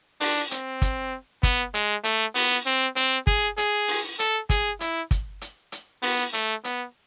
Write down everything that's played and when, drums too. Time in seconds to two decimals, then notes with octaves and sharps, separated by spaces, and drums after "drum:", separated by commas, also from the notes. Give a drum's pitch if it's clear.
0.20 D4, drum: open hi-hat
0.51 C4, drum: hi-hat
0.82 drum: kick, hi-hat
1.43 B3, drum: kick, hi-hat
1.74 G#3, drum: hi-hat
2.04 A3, drum: hi-hat
2.35 B3, drum: open hi-hat
2.66 C4
2.96 C4, drum: hi-hat
3.27 G#4, drum: kick
3.57 G#4, drum: hi-hat
3.88 drum: open hi-hat
4.19 A4, drum: hi-hat
4.50 G#4, drum: kick, hi-hat
4.80 E4, drum: hi-hat
5.11 drum: kick, hi-hat
5.41 drum: hi-hat
5.72 drum: hi-hat
6.02 B3, drum: open hi-hat
6.33 A3, drum: hi-hat
6.64 B3, drum: hi-hat